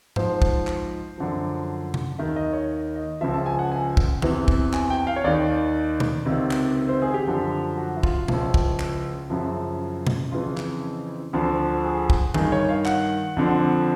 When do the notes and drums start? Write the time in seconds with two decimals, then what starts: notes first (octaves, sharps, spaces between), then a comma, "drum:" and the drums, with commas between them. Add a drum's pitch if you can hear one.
0.16 G#2 F3 C5, drum: tom G#2
0.42 drum: kick
0.67 drum: clap
1.18 F#2 D3 F3
1.94 drum: tom C3
2.19 D#2 D#3 E5
2.36 D#5
2.53 C#5
2.95 D#5
3.21 C#2 C#3 F3 E5
3.34 A5
3.46 G#5
3.59 F#5
3.72 G#5
3.97 drum: kick
4.22 E2 C3 E3, drum: tom
4.48 drum: kick
4.73 G#5, drum: clap
4.90 G5
5.07 F5
5.16 C#5
5.24 D#2 D#3 D5
6.00 drum: tom B2
6.26 C#2 C3 D#3
6.51 drum: clap
6.89 C5
7.02 G#4
7.14 G4
7.27 F#2 D3 F3
7.78 F#4
7.96 E4
8.03 F4, drum: kick
8.28 C#2 C#3 F3 E4, drum: tom B2
8.54 drum: kick
8.80 drum: clap
9.30 F#2 C#3 F3 E4
10.07 drum: tom B2
10.32 F2 C#3 E3 F4
10.57 drum: clap
11.33 D2 D3 F3
11.84 G#4
12.10 drum: kick
12.34 G2 D#3 G#4, drum: tom
12.52 C#5
12.69 F5
12.85 F#5, drum: clap
13.37 F2 D3 F3